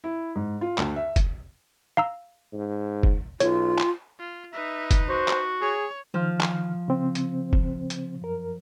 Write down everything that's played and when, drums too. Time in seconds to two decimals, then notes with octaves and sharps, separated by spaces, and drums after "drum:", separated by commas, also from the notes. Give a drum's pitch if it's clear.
0.04 E4
0.35 G#2
0.61 F4
0.78 D2, drum: clap
0.96 E5
1.16 drum: kick, hi-hat
1.97 F5 A#5 E6
2.53 G#2
3.03 drum: kick
3.40 B1 F4 C#5, drum: hi-hat
3.78 drum: clap
4.19 F4
4.53 D#4 B4 E5
4.91 drum: kick, hi-hat
5.09 F#4 C5
5.28 drum: clap
5.61 G#4 C#5
6.14 D#3 F3 F6
6.40 drum: clap
6.88 C#3 C4 C5
7.15 drum: hi-hat
7.53 drum: kick
7.90 drum: hi-hat
8.22 F#2 A#4